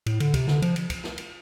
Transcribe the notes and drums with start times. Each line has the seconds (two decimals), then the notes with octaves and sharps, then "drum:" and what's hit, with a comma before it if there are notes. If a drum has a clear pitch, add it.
0.06 A2, drum: cymbal
0.20 D3, drum: cymbal
0.34 C3, drum: kick, cymbal
0.48 D3, drum: snare
0.62 F3, drum: cymbal
0.76 drum: cymbal
0.90 drum: kick, cymbal
1.04 drum: snare
1.18 drum: cymbal